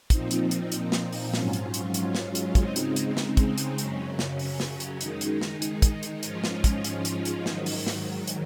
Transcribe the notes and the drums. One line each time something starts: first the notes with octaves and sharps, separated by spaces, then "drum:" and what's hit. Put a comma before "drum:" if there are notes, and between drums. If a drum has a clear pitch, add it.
A#2 F3 C4 D#4, drum: kick, hi-hat
drum: hi-hat
drum: hi-hat
drum: hi-hat
drum: snare
drum: open hi-hat
G#2 F#3 C#4 F4, drum: snare
drum: hi-hat
drum: hi-hat
drum: hi-hat
drum: snare
drum: hi-hat
C#3 G#3 C4 D#4, drum: kick, hi-hat
drum: hi-hat
drum: hi-hat
drum: snare
drum: kick, hi-hat
drum: hi-hat
F#2 C#3 F#3 C#4, drum: hi-hat
drum: snare
drum: open hi-hat
drum: snare
drum: hi-hat
D#3 G#3 D#4, drum: hi-hat
drum: hi-hat
drum: snare
drum: hi-hat
drum: kick, hi-hat
drum: hi-hat
G#2 F3 G#3 C#4 F4, drum: hi-hat
drum: snare
drum: kick, hi-hat
drum: hi-hat
drum: hi-hat
drum: hi-hat
G#2 D#3 F#3, drum: snare
drum: open hi-hat
drum: snare
drum: hi-hat